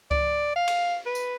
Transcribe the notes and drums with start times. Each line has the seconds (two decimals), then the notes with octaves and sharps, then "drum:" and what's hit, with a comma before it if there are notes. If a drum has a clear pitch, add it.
0.11 D5, drum: kick C#2
0.56 F5
0.68 drum: cymbal
1.06 B4
1.15 drum: tambourine